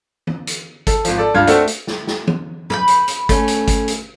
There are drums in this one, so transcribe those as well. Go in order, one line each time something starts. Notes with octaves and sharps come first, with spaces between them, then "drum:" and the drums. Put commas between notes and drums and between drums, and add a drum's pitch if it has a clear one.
drum: tom
drum: hi-hat
A4, drum: kick, hi-hat
G#1 F3, drum: hi-hat
A4 D5
C#2 G2 F4 F6 G#6
A3 C4 D4 F#4 A4, drum: hi-hat
drum: hi-hat
drum: snare
drum: snare
drum: tom
B4 B5 G6, drum: tom
drum: hi-hat
drum: hi-hat
A3 C#4, drum: kick, hi-hat
drum: hi-hat
drum: kick, hi-hat
drum: hi-hat